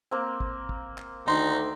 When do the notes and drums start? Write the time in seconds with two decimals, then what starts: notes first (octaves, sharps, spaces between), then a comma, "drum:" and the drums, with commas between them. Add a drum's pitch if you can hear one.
0.11 A#3 C4
0.40 drum: kick
0.69 drum: kick
0.98 drum: clap
1.27 D2 D#3 D#4 C6